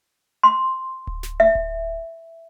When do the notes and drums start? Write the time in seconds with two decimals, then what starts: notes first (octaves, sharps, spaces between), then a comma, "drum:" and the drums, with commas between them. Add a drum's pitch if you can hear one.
0.43 C6
1.07 drum: kick D1
1.23 drum: snare
1.40 E5
1.55 drum: kick D1